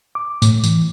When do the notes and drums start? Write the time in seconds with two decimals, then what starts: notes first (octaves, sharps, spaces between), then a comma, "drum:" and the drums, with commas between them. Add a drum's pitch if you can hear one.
0.15 D6
0.42 A2, drum: tambourine
0.64 E3, drum: tambourine